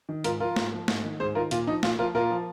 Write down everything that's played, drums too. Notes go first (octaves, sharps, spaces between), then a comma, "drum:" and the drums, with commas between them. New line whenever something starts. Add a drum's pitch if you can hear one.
D#3
G#2 F4 A#4, drum: hi-hat
F3 F4 A#4
G#2, drum: snare
F3
G#2, drum: snare
D#3
G#2 G#4 C5
D#3 F4 A#4
A#2 F4, drum: hi-hat
F3 D#4
A#2 F4, drum: snare
F3 F4 A#4
A#2 F4 A#4
F3